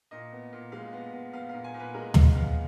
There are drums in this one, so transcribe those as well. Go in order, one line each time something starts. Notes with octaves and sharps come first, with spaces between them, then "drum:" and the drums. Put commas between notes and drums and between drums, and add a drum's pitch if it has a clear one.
A#2 D#5
B3
A#2
G#3 F5
B3
B3
B3 F5
F5
A#2
G#5
A#2
B4
G#3 A#4
G#3, drum: tom
B3 F5